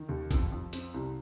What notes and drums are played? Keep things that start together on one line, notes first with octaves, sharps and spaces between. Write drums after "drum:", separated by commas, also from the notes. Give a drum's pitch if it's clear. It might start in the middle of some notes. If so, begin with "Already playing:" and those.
Already playing: D#3
D#2
F2, drum: kick, hi-hat
F2
C4, drum: hi-hat
C2